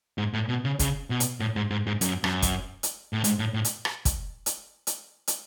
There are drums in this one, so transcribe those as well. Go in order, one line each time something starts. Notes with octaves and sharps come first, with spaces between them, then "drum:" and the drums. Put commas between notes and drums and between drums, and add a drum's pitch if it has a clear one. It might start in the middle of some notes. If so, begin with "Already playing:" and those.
G#2
A2
B2
C#3
C#3, drum: kick, hi-hat
B2
drum: hi-hat
A2
G#2
G#2
G#2
F#2, drum: hi-hat
F#2, drum: rim click
drum: kick, hi-hat
drum: hi-hat
A2
G#2, drum: hi-hat
A2
A2
drum: hi-hat
drum: rim click
drum: kick, hi-hat
drum: hi-hat
drum: hi-hat
drum: hi-hat